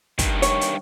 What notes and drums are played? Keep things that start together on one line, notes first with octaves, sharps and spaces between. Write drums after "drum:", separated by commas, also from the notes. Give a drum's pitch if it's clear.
G2 D#3, drum: kick, hi-hat
C#5, drum: hi-hat
drum: hi-hat